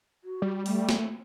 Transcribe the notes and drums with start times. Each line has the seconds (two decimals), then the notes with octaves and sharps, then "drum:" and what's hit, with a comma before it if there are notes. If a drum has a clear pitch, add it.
0.24 F#4
0.42 G3
0.66 A3, drum: open hi-hat
0.89 drum: snare